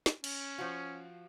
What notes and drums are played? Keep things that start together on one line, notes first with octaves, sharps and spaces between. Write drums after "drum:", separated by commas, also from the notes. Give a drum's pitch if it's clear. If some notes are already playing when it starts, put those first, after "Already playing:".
drum: snare
C#4, drum: cymbal
F3 F#4